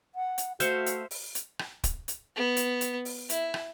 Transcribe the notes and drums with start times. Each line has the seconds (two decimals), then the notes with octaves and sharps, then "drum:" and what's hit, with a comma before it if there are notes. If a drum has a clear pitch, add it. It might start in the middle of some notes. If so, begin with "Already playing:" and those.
0.15 F#5
0.38 drum: hi-hat
0.60 A3 F#4 C5 E5 F5 G6 C#7, drum: hi-hat
0.86 drum: hi-hat
1.11 drum: open hi-hat
1.35 drum: hi-hat
1.59 drum: rim click
1.84 drum: kick, hi-hat
2.08 drum: hi-hat
2.36 B3
2.57 drum: hi-hat
2.81 drum: hi-hat
3.05 drum: open hi-hat
3.29 E4, drum: hi-hat
3.54 drum: rim click